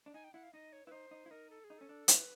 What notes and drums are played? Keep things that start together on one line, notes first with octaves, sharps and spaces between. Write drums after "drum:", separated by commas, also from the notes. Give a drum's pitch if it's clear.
D4
D#4 G#5
G5
E4 F#5
F5
D#4 D#5
C#5
E4 B4
D#4 C5
D#4
E4
D#4 A#4
A4
G#4
D#4
C#4 A4
D4
E4 B4, drum: hi-hat